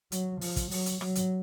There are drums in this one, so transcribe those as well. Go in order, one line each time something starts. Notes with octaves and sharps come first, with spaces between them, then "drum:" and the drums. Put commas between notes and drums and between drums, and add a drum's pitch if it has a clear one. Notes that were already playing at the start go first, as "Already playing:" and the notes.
F#3, drum: hi-hat
F3, drum: open hi-hat
drum: kick, hi-hat
F#3, drum: open hi-hat
drum: hi-hat
F#3, drum: rim click
drum: hi-hat